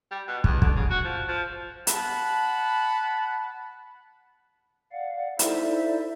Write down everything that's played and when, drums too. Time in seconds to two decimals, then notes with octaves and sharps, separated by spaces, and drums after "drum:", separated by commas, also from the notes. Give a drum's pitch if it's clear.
0.11 G3
0.28 B2
0.44 E2, drum: kick
0.62 D3, drum: kick
0.76 C#3
0.91 F#4
1.05 F3
1.28 F3
1.87 F#5 A5 B5, drum: hi-hat
4.92 D5 F5 F#5
5.39 D#4 E4 A4 C5 D5 E5, drum: hi-hat